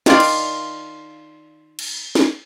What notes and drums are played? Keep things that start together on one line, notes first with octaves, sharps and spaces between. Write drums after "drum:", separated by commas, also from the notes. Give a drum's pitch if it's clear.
D#3 D4 F4 D5, drum: snare
drum: cymbal
drum: cymbal
drum: snare